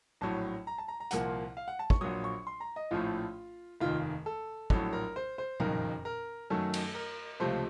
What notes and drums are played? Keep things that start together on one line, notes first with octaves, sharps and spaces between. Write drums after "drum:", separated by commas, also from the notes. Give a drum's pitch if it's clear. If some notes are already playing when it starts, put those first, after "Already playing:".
A#1 A2 F#3 A5
A#5
A5
A#5
A#5
C2 A#2 F3 A#3 F#5, drum: hi-hat
F5
F#5
A5
C#6, drum: kick
A#1 A#2 F#3 D#6
C#6
C6
A#5
D#5
A#1 A2 F3 A3 F4
F1 D#2 D#3 F4
A4
A#1 A2 F#3 A4, drum: kick
A#4
C5
C5
F#1 F2 D#3 A#4, drum: tom A#2
A#4
F#2 D#3 F#3 A3 A4
drum: cymbal
A#4
C#2 C3 F3 A3 C5